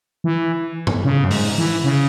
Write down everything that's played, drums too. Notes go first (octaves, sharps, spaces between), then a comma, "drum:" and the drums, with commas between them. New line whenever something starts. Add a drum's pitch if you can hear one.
E3
drum: tom G2
C#3
F#2
G#2, drum: open hi-hat
E3
C#3